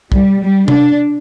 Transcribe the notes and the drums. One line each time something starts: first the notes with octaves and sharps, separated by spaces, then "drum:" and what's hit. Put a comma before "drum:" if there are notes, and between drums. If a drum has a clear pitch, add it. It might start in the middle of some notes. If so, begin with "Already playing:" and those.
G3, drum: kick
G3
D4, drum: tom C3